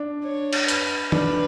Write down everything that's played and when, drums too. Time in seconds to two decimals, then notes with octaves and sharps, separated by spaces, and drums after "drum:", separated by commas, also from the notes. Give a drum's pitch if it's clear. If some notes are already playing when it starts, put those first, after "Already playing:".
Already playing: D4
0.24 C#5
0.53 drum: cymbal
0.68 B4, drum: hi-hat
1.12 D4 B4, drum: tom D#3